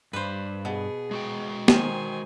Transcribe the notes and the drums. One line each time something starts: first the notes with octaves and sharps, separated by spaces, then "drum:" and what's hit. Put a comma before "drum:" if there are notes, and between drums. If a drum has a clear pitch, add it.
G2 B4 C5
B2 G#4
G#3 F#4 G5
D#3 C5 G#5, drum: snare